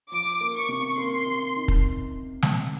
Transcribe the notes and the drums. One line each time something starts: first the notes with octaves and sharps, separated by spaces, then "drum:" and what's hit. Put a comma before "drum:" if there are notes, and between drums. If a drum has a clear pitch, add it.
F3 D6
A#3
C#6
C3
A#3 C6
C3
D#4
drum: kick
drum: snare